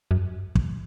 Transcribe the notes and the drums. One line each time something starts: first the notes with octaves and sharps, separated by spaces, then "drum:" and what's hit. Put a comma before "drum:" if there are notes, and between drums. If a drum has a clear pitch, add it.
F#2
drum: kick